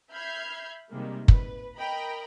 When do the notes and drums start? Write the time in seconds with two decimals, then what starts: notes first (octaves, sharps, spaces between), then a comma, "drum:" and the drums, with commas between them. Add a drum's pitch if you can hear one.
0.10 E5 B5 F6 G6 G#6 C7
0.91 C3 D#3 G3 G#3 A#3
1.28 B4, drum: kick
1.76 A#4 D#5 G5 A#5 B5